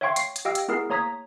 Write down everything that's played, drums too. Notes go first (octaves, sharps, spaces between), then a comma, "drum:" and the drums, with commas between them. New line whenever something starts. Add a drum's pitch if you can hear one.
C#5 E5 F5 G5 C6 C#6
C7, drum: hi-hat
drum: hi-hat
G4 D#5 F5 G5 E6
drum: hi-hat
B3 E4 G#4 A#4 C7
A#3 C#5 A#5 D#6 G#6 B6